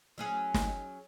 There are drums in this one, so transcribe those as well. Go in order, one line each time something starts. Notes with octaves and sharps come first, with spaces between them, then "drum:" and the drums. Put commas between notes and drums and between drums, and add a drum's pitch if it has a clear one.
F#3 C#4 G#4
drum: snare